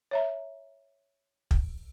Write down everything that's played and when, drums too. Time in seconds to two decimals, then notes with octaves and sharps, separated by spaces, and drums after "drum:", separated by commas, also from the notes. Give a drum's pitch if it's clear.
0.11 C#5 E5 A#5
1.51 drum: kick